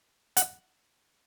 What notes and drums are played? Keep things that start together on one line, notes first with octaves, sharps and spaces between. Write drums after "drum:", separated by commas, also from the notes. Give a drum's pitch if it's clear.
F#5, drum: hi-hat